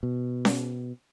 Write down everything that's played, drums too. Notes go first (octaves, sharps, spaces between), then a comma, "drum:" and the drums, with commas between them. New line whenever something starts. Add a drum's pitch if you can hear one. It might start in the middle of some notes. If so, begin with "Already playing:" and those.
B2
drum: snare C#4